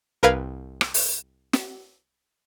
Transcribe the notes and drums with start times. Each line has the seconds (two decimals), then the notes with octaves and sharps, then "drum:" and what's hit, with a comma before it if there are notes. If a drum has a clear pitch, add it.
0.23 C2 A#4 B4 F5 F6 G#6
0.81 drum: rim click
0.94 drum: open hi-hat
1.53 drum: snare